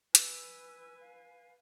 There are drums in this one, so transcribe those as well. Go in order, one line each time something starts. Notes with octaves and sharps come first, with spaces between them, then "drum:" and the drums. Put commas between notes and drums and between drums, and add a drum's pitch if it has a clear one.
B4 G#5 E6, drum: hi-hat
F5